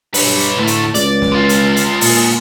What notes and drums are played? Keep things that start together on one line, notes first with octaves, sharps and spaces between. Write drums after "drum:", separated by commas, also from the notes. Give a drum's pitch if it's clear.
G2 B4 C#5, drum: open hi-hat
drum: hi-hat
D2 A2 A3
drum: hi-hat
C#2 D5, drum: hi-hat
drum: snare
G#3 F4
drum: hi-hat
drum: hi-hat
A#2, drum: open hi-hat